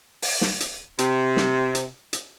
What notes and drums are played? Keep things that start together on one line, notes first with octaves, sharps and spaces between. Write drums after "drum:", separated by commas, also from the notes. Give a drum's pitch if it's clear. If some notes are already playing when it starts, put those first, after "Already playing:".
drum: open hi-hat
drum: snare
drum: hi-hat
C3, drum: hi-hat
drum: snare
drum: hi-hat
drum: hi-hat